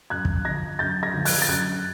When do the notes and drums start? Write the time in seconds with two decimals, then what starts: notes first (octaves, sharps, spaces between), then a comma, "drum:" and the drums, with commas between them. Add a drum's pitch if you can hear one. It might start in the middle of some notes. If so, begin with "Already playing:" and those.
0.10 F#2 F#6 G#6
0.25 drum: kick
0.45 D3 F3 G#6 A#6
0.79 F#2 G6 A6
1.03 G#6 A#6
1.14 D3 F3
1.25 F#6 G#6, drum: open hi-hat
1.42 A6
1.48 F#2 F#6 G#6